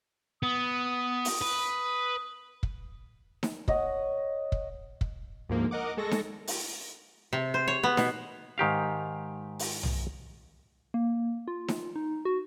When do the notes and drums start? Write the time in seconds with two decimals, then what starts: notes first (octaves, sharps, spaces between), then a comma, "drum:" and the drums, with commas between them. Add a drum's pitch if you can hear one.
0.43 B3 D#6
1.25 drum: open hi-hat
1.42 B4
2.63 drum: kick
3.43 drum: snare D#4
3.68 C#5 D#5 F#5, drum: kick
4.52 drum: kick
5.01 drum: kick
5.49 D2 G#2 F3 A#3
5.71 A#4 D#5 F#5 D6
5.97 G#3 A4 C#6 A#6
6.11 drum: snare D#4
6.47 drum: open hi-hat
7.33 C3
7.54 C5
7.68 C#5
7.83 B3
7.97 B2, drum: snare D#4
8.58 G#2 D#3 G4 F5
9.59 drum: open hi-hat
9.83 drum: tom
10.94 A#3
11.48 F4
11.68 drum: snare D#4
11.96 D#4
12.25 F#4